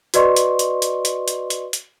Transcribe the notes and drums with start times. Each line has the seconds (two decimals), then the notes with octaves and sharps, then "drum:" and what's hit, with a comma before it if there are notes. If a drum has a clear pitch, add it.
0.14 F#4 B4 D5 D#5 C6 C#6, drum: hi-hat
0.36 drum: hi-hat
0.59 drum: hi-hat
0.82 drum: hi-hat
1.05 drum: hi-hat
1.28 drum: hi-hat
1.50 drum: hi-hat
1.73 drum: hi-hat